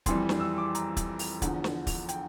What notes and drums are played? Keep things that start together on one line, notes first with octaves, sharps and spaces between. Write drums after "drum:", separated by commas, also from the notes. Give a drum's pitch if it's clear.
F2 E3 G3 C6, drum: kick, hi-hat
drum: snare
E6
D6
A#5, drum: hi-hat
drum: kick, hi-hat
drum: open hi-hat
E2 D3 F3, drum: kick, hi-hat
drum: snare
drum: kick, open hi-hat
G5, drum: hi-hat